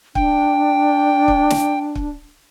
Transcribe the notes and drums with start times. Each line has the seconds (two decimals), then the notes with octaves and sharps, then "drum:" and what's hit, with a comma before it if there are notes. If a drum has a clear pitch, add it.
0.15 D4 G5, drum: kick
1.28 drum: kick
1.50 drum: snare
1.95 drum: kick